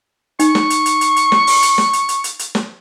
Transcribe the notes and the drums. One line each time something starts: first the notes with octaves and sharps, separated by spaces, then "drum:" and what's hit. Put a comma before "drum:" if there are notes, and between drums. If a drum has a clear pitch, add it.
D#4 C#6, drum: hi-hat
drum: snare
drum: hi-hat
drum: hi-hat
drum: hi-hat
drum: hi-hat
drum: snare
drum: open hi-hat
drum: hi-hat
drum: snare
drum: hi-hat
drum: hi-hat
drum: hi-hat
drum: hi-hat
drum: snare